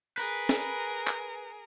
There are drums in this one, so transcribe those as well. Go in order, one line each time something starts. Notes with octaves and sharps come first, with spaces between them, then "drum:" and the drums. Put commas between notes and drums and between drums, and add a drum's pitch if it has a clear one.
G#4 A#4 B4
drum: snare
drum: clap